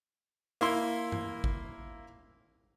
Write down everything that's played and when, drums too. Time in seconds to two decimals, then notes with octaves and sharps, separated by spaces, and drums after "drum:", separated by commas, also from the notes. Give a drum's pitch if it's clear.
0.61 A#3 E4 C6, drum: open hi-hat
1.12 drum: tom G2
1.44 drum: kick G#1